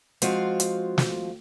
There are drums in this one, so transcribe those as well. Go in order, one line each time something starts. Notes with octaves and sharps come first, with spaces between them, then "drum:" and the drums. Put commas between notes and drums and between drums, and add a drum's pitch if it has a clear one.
F3 G#3 C4 F4 F#4 F5, drum: hi-hat
drum: hi-hat
drum: snare